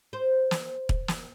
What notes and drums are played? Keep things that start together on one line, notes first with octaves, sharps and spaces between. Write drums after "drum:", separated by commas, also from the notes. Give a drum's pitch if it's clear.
C5
drum: snare
drum: kick
drum: snare